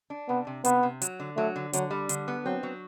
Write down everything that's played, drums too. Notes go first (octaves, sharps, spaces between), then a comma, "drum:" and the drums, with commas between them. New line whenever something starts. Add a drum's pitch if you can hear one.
D4
C3 B3
C3
C3 B3, drum: hi-hat
C3
F#3, drum: hi-hat
D3
F#3 A3
D3
D3 F#3, drum: hi-hat
G3
D3, drum: hi-hat
B3
F#3 C4
F#3